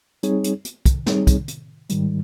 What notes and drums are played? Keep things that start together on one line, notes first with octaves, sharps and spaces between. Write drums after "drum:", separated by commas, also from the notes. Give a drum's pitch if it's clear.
G3 C4 D#4 G#4 C#5, drum: hi-hat
drum: hi-hat
drum: hi-hat
drum: kick, hi-hat
G3 C4 D#4 G#4 C#5, drum: snare
drum: kick, hi-hat
drum: hi-hat
G#2 D#3 G3, drum: hi-hat